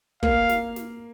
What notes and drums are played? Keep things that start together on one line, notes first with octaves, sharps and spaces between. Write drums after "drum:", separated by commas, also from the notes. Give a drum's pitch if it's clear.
A#3 F5, drum: kick
drum: snare
drum: snare